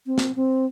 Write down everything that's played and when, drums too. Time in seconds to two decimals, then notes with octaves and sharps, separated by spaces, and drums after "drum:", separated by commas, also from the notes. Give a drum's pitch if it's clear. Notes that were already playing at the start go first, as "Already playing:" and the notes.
0.07 C4
0.18 drum: snare
0.36 C4